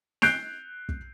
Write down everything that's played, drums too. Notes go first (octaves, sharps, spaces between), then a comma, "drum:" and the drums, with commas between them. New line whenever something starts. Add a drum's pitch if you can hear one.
F#6 G6 C7 D7 F7, drum: snare
drum: kick